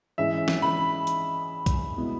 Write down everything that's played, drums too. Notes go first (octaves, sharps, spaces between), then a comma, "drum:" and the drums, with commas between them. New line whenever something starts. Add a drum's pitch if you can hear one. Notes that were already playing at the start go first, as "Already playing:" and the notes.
G#2 E3 G#3 C#4 G#4 E5
drum: snare
B5
drum: hi-hat
drum: kick B1, hi-hat
B2 G#3 B3 E4